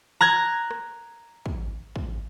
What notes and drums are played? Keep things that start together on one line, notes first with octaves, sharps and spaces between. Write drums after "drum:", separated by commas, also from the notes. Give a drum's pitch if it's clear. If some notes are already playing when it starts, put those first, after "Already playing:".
A#5 F#6 G#6
drum: rim click
drum: kick
drum: kick